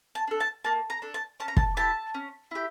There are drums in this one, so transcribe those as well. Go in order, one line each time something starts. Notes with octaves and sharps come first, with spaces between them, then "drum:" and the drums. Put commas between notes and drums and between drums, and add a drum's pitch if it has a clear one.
A5
D4 A4
A5
A#3 A5
A#5
D4 A4
A5
C#4 A5
A#5
A5, drum: kick
E4 G4 A5
C#4
E4 G4